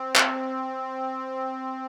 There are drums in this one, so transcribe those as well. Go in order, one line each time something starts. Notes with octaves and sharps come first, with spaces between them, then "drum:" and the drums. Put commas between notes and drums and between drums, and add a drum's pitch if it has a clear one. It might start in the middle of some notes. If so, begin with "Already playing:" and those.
Already playing: C4
drum: clap